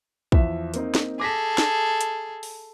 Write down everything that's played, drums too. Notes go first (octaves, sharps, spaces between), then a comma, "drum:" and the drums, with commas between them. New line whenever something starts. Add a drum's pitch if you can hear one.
E2 F3 E5, drum: kick
A#3 C4 D#4, drum: hi-hat
drum: snare
G#4 A4 D6 A#6 B6
drum: snare
drum: hi-hat
drum: open hi-hat